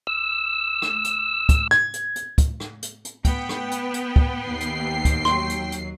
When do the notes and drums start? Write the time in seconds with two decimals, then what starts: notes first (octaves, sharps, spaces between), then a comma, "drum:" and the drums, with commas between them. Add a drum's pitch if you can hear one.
0.07 E6
0.82 drum: rim click
1.04 drum: hi-hat
1.49 drum: kick, hi-hat
1.71 G#6, drum: rim click
1.93 drum: hi-hat
2.16 drum: hi-hat
2.38 drum: kick, hi-hat
2.60 drum: rim click
2.82 drum: hi-hat
3.05 drum: hi-hat
3.25 B3 B4 G5, drum: kick, hi-hat
3.49 drum: rim click
3.71 drum: hi-hat
3.94 drum: hi-hat
4.16 drum: kick
4.45 D#2 C7
4.61 drum: hi-hat
5.05 drum: kick, hi-hat
5.25 F#3 C6, drum: rim click
5.50 drum: hi-hat
5.72 drum: hi-hat